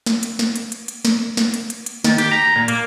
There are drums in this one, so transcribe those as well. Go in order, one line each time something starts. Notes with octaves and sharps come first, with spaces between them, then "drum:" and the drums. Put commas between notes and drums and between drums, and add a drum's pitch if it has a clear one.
drum: snare
drum: hi-hat
drum: snare
drum: hi-hat
drum: hi-hat
drum: hi-hat
drum: snare
drum: snare
drum: hi-hat
drum: hi-hat
drum: hi-hat
D#3, drum: snare
G4, drum: hi-hat
A#5
A#2
A#3, drum: hi-hat